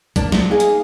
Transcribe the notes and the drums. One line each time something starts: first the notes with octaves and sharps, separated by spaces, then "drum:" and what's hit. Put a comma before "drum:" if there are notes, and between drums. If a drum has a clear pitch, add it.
A#3 D4, drum: kick, hi-hat
F3 F#3, drum: snare
A#3 D#4 G#4 F5 G#5
drum: hi-hat